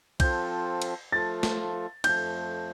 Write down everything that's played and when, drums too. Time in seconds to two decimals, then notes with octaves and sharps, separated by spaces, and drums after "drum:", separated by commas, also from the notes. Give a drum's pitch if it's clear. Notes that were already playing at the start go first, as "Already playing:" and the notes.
0.20 F3 C4 F4 A4 G6, drum: kick B1, cymbal
0.82 drum: cymbal
1.12 F3 A3 F4 A4 A6
1.43 drum: snare
2.04 F2 F3 A3 G6, drum: cymbal